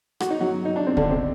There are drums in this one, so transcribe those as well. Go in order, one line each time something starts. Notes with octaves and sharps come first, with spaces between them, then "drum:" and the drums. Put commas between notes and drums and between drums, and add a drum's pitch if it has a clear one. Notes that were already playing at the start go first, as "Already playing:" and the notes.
F#4, drum: rim click
D#4
F#3 F#4
D#4
D4
C4
D3 D4, drum: kick
C3 C4